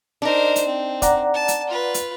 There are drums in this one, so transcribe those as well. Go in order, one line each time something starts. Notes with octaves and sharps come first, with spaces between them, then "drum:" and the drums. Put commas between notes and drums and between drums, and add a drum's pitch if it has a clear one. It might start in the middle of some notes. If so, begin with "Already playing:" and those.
D4 D#4 A#4 C5
drum: hi-hat
C4
D5 F#5 A#5, drum: kick, hi-hat
A5
drum: hi-hat
F4 B4
drum: hi-hat